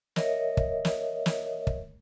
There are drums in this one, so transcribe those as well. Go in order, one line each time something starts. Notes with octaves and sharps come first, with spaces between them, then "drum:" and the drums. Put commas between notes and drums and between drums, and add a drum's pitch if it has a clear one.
A#4 C#5 D#5 E5, drum: snare
drum: kick
drum: snare
drum: snare
drum: kick